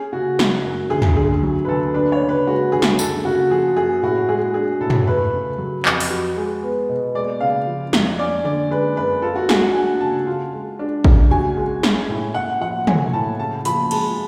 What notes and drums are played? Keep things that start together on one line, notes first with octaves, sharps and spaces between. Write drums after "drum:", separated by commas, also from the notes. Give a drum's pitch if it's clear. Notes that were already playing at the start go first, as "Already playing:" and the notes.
Already playing: C#4 G#4
C#3 F#4
F#3, drum: snare
F#2
D2 G#4
drum: tom
D3 G#4
F#3
B4
D2 A4
D4 B4
C#5
C#3
B4
G#3 F#4
D2 G#4
drum: snare
F#2 A4, drum: tambourine
C#3 F#4
F3 G#4
F#2 G#4
A2 F#4
G#3 G#4
D4 G#4
A2 A4
drum: tom
A3 B4
C#3
F#3
F2, drum: clap
drum: open hi-hat
F#4
G#3
B3
B2
G#3 D5
C#3 F5
F3
F2, drum: snare
C#4 D5
D3 D5
G#3 B4
F#2 B4
F4 A4
F#4
G#3 G#4, drum: snare
F#5
D4 G#5
C#3 A5
F4
G#3
D4
C#3, drum: kick A1
F#4 G#5
G#3
C#4, drum: snare
A2
A2 F#5
F3 F#5
A3 G#5, drum: tom
A2 A5
C#3 A5
F3 B5, drum: hi-hat
G#3 A5, drum: cymbal